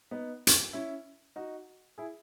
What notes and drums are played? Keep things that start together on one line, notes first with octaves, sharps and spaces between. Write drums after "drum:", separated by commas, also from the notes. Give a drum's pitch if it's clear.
B3 D#4
drum: hi-hat
C#4 E4
D#4 F#4
E4 G#4